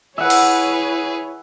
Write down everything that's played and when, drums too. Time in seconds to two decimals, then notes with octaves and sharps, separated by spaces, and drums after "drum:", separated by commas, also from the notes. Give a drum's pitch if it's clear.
0.18 E4 G#4 B4 C#5 E5 F#5
0.30 drum: open hi-hat